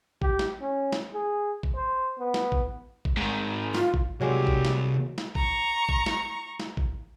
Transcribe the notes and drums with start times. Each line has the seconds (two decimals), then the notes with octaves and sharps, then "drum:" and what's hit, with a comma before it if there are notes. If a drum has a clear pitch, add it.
0.22 G4, drum: kick A1
0.39 drum: snare
0.61 C#4
0.93 drum: snare
1.14 G#4
1.63 drum: kick A1
1.75 C5
2.18 B3
2.34 drum: snare
2.52 drum: kick A1
3.05 drum: kick A1
3.17 G#2 D#3
3.74 F4, drum: snare
3.94 drum: kick A1
4.20 C3 F#3 G#3 A#3 G4 D5
4.47 drum: kick A1
4.65 drum: snare
5.18 drum: snare
5.35 A#5 C#6, drum: kick A1
5.89 drum: kick A1
6.06 drum: snare
6.60 drum: snare
6.77 drum: kick A1